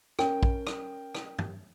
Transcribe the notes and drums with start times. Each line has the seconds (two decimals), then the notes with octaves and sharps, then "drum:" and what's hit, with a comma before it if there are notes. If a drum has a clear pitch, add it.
0.19 C#4 A#4 G5, drum: rim click
0.43 drum: kick A#1
0.67 drum: rim click
1.15 drum: rim click
1.39 drum: tom